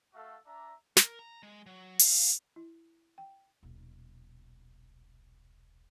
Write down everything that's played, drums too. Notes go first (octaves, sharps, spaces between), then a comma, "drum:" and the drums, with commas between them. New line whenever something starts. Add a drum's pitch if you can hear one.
A3 F#4 A4 E5 F5
D4 D5 E5 A#5
A#4, drum: snare
A#5
G#3
F#3
F5, drum: open hi-hat
E4
G5
D#1 B1